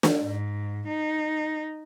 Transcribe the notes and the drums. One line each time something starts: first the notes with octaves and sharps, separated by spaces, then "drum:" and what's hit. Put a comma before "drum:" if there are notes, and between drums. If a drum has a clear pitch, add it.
drum: snare
G#2
D#4